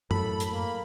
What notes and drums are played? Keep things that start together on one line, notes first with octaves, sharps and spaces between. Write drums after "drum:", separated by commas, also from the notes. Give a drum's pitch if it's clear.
F#2 A2 A4 B5, drum: tom
drum: hi-hat
A#3